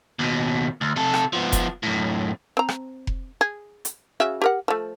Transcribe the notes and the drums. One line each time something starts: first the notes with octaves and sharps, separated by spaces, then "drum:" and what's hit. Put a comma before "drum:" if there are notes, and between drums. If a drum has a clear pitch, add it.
D#2 B2
D2
C3 A4
drum: rim click
F3 B3
drum: kick F1, hi-hat
F#2 A2
C4 A#5
drum: rim click
drum: kick F1
G#4
drum: hi-hat
C#3 F#4 E5
G4 A#4 F#5
F3 A3